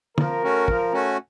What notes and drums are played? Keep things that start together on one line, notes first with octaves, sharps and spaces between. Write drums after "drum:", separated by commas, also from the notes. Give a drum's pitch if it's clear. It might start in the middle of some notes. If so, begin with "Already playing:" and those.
F3 A#4, drum: tom
A3 C#4 F#4
F3, drum: kick
A3 C#4 F#4